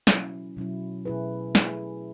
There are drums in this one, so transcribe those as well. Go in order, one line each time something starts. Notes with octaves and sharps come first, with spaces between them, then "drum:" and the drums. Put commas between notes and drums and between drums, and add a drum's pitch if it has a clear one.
B2 F#3 C#4 E4, drum: snare
B2 F#3 C#4 E4
B2 A3 E4 G#4 B4
B2 A3 E4 G#4 B4, drum: snare